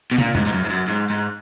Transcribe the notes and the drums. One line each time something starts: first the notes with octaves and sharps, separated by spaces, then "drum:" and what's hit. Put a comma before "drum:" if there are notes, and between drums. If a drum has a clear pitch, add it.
B2
A#2, drum: tom
G#2, drum: tom
G#2
F#2
G#2
F#2
G#2
G#2